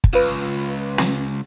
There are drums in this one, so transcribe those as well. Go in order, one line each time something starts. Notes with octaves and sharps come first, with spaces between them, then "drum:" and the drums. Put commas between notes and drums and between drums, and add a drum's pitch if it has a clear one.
drum: kick
C#2 F4 B4
drum: snare